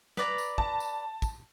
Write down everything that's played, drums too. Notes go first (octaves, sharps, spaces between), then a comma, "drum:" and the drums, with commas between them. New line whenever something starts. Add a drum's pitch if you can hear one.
B4 D5 A#5, drum: snare
drum: tambourine
A5, drum: kick
drum: tambourine
drum: kick, tambourine